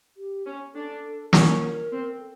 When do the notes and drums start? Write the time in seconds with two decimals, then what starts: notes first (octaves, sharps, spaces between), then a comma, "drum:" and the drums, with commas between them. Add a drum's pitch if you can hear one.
0.17 G4
0.46 C#4
0.74 D4 A4
1.33 C#4 A#4, drum: snare
1.91 C4
2.20 A4